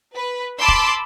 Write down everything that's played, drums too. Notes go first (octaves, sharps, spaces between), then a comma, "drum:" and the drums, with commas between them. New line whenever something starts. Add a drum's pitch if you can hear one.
B4
A5 B5 C6 D6 E6
drum: kick